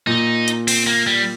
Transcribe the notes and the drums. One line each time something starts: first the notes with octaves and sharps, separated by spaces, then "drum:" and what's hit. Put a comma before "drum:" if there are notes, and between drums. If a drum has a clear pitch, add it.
A#2 D#4
drum: hi-hat
C4, drum: cymbal
A#3
G3